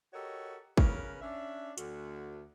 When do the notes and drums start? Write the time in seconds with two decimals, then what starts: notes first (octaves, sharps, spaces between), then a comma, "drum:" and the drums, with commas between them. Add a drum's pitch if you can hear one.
0.14 F#4 G4 A4 A#4 C#5 D#5
0.77 C#3 C#4 A#4 B4, drum: kick
1.22 C#4 D4 E5
1.78 D2 D3 F#4, drum: hi-hat